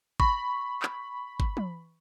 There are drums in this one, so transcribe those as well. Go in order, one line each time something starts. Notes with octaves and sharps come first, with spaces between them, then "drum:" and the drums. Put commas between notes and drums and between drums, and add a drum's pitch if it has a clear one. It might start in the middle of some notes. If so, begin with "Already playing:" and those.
B5 C#6, drum: kick G1
drum: clap
drum: kick G1
drum: tom